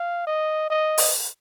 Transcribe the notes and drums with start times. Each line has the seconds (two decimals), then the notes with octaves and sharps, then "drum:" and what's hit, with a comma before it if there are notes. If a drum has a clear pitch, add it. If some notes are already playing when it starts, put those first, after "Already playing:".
Already playing: F5
0.27 D#5
0.70 D#5
0.98 drum: open hi-hat